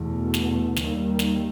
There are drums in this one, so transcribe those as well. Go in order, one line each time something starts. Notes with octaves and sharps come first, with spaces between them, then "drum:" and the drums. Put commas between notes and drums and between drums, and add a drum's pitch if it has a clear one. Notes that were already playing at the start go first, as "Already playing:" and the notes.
Already playing: E2 B2 A3
drum: snare
D#2 D#3 G3, drum: snare
drum: snare